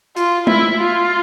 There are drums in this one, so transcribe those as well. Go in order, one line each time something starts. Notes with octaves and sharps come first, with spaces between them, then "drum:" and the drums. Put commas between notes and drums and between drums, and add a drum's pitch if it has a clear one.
F4, drum: hi-hat
E4, drum: tom G#3
F4